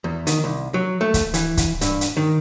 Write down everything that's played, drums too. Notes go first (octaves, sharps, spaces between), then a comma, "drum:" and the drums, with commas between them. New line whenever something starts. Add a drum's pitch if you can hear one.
E2
D#3, drum: hi-hat
C2
F#3
A3
drum: kick, hi-hat
E3, drum: hi-hat
drum: kick, hi-hat
G2, drum: hi-hat
drum: hi-hat
D#3